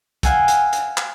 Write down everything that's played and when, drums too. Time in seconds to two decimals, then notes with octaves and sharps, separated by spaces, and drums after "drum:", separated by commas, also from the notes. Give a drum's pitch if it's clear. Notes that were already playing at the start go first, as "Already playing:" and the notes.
0.23 F5 F#5 G#5 E6 G6, drum: kick B1, hi-hat
0.48 drum: hi-hat
0.73 drum: hi-hat
0.97 drum: clap